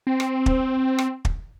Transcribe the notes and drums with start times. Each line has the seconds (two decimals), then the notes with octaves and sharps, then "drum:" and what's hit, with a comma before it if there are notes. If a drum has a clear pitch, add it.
0.07 C4
0.20 drum: rim click
0.46 drum: kick
0.98 drum: rim click
1.25 drum: kick